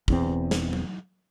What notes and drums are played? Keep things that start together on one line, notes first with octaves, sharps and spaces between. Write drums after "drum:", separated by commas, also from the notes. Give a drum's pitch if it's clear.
E1 E2 C4, drum: kick
drum: snare
drum: tom F#3